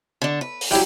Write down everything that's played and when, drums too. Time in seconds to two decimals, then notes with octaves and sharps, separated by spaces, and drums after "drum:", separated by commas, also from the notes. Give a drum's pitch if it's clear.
0.22 D3 D4
0.41 B4
0.61 drum: open hi-hat
0.71 G2 F#3 E4 G4